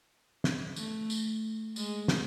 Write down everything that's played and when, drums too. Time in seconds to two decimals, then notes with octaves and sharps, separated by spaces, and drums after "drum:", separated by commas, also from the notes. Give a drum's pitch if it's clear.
0.44 drum: snare
0.76 A3, drum: tambourine
1.10 drum: tambourine
1.76 G#3, drum: tambourine
2.08 drum: snare